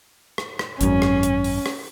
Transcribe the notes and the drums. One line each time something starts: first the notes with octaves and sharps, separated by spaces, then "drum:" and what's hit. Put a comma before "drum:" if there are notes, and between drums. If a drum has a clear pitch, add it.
drum: rim click
drum: rim click
G#1 F#2 C#4, drum: hi-hat
drum: rim click
drum: hi-hat
drum: open hi-hat
drum: rim click